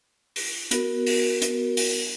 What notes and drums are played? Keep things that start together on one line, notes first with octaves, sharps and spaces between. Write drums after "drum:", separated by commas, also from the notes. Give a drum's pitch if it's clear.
drum: open hi-hat
B3 F#4 A#4, drum: hi-hat
drum: open hi-hat
drum: hi-hat
drum: open hi-hat